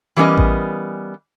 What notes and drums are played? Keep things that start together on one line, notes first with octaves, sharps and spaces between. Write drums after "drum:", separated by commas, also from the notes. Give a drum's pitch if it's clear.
E3 G3 B3 C#4 A#4 D#5
drum: kick A1